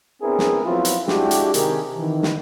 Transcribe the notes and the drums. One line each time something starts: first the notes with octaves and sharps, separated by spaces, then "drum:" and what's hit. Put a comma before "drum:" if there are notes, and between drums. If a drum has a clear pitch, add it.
B3 C4 D4 E4 G#4 A#4
drum: snare
F3 F#3 B3 C4 E4 F4
drum: hi-hat
G#3 D4 E4 F#4 G4, drum: snare
drum: hi-hat
C3 D#3 G4 G#4 A#4, drum: hi-hat
D#3 E3
drum: snare